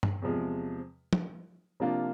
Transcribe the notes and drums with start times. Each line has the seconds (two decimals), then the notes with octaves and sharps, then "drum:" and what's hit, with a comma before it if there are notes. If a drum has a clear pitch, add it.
0.03 drum: tom G2
0.22 E2 C3 F3 G#3
1.13 drum: tom
1.80 C3 F3 A#3 D4 F4